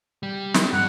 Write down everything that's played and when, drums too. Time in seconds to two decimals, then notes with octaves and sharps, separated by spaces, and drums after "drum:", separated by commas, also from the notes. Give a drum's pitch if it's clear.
0.23 G3
0.54 drum: snare
0.73 G2 F#5